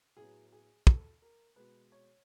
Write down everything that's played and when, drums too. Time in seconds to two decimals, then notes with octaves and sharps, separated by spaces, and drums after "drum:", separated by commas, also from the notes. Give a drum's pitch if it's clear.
0.17 A2 F#3 B3 G#4
0.52 G#4
0.87 A4, drum: kick
1.22 A#4
1.56 B2 G#3 B3 B4
1.92 C#5